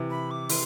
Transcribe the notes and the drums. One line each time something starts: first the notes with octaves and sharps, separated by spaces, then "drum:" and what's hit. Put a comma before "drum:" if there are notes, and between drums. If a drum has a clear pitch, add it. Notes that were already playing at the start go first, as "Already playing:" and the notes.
Already playing: C3 E3
B5
D6
E3 C6, drum: open hi-hat